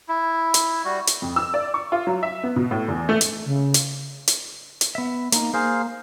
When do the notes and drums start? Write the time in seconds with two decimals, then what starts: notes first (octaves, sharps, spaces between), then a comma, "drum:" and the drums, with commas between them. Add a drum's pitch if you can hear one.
0.09 E4
0.54 drum: hi-hat
0.85 G3 F#4
1.07 drum: hi-hat
1.22 F2
1.36 E6
1.54 D5
1.74 C#6
1.92 F4
2.07 F#3
2.23 E5
2.43 B3
2.56 B2
2.71 A2
2.88 E2
3.09 A3
3.21 drum: hi-hat
3.46 C#3
3.74 drum: hi-hat
4.28 drum: hi-hat
4.81 drum: hi-hat
4.95 B3 E5
5.32 A#3 D#4, drum: hi-hat
5.53 A#3 G#4 C5 F5